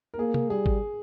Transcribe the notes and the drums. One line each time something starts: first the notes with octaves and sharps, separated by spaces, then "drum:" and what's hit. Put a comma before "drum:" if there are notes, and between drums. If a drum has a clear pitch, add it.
A#4
A#3 G#4
drum: tom
G3 G#4
drum: kick G#1